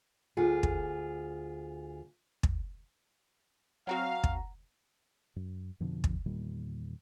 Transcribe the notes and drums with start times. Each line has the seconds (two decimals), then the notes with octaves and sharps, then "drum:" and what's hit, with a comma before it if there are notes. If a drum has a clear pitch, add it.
0.37 D2 F4 G#4
0.63 drum: kick
2.43 drum: kick
3.87 F#3 C4 F#4 F5 F#5 A#5
4.24 drum: kick
5.36 F#2
5.80 F2 B2 D3 F3
6.04 drum: kick
6.26 E2 A#2 D#3 G3